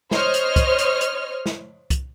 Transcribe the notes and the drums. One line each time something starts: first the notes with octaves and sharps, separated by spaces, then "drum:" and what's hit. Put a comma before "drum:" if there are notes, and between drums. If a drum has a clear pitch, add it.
C5 C#5 D#5 F6, drum: snare
drum: hi-hat
drum: kick, hi-hat
drum: hi-hat
drum: hi-hat
drum: snare
drum: kick, hi-hat